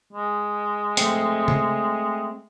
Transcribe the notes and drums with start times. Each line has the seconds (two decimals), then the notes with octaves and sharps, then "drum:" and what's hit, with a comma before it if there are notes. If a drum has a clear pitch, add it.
0.13 G#3
0.97 A3 C4, drum: hi-hat
1.48 drum: tom C#3